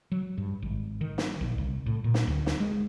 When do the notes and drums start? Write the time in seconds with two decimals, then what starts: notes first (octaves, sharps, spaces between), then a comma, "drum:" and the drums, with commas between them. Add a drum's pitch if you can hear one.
0.12 F#3
0.38 G2
0.62 G#1
1.01 D#3
1.18 drum: snare
1.41 A#1
1.58 C2
1.86 A2
2.04 A#2
2.14 drum: snare
2.27 D2
2.46 drum: snare
2.60 G#3